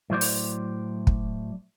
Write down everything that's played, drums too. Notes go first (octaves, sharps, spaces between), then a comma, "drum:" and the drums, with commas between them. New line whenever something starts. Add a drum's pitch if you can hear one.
A2 F#3 C5 D5
drum: open hi-hat
drum: kick